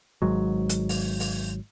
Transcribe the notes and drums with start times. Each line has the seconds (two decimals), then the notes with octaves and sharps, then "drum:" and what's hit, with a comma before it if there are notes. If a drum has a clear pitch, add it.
0.22 G#1 G#2 F#3
0.69 drum: hi-hat
0.89 drum: open hi-hat
1.20 drum: open hi-hat